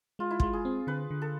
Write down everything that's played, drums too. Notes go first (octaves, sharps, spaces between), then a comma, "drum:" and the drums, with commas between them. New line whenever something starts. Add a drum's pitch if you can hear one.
G#3 F4
E4
G#3 F4, drum: kick
G#4
C4
D3 B4
D3
A4